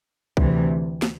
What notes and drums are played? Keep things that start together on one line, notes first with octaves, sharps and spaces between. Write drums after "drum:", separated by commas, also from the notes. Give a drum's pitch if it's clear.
D2 C3 E3, drum: kick C2
drum: snare